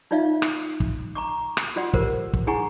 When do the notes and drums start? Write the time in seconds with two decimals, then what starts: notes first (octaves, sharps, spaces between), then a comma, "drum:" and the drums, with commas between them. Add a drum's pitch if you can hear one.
0.11 D#4 F4 D5 E5 F5
0.42 drum: rim click
0.80 drum: kick
1.15 A#5 C#6 D6
1.57 drum: rim click
1.76 F4 F#4 D5 F#5 C6
1.94 G4 A4 A#4 C5, drum: kick
2.33 drum: kick
2.47 E4 G#4 F#5 G#5 A#5 C#6